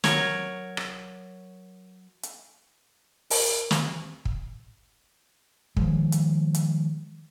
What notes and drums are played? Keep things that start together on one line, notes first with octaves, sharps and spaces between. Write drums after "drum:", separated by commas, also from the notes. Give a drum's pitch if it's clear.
F#3 A#4 C#5, drum: snare
drum: rim click
drum: hi-hat
A#4, drum: open hi-hat
drum: snare
drum: kick
D#3 F3 G#3, drum: kick
drum: hi-hat
drum: hi-hat